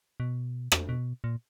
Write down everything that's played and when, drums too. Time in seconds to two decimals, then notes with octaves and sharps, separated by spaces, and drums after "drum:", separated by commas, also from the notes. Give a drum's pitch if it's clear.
0.20 B2
0.72 drum: rim click
0.89 B2
1.24 A#2